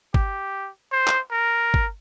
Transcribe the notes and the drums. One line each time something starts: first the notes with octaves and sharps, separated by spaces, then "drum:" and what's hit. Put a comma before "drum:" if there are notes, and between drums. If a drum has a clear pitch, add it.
G4, drum: kick
C5
drum: clap
A#4
drum: kick